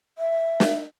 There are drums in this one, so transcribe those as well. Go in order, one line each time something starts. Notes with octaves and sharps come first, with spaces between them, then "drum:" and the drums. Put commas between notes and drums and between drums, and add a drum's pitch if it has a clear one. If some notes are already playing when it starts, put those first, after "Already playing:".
E5
drum: snare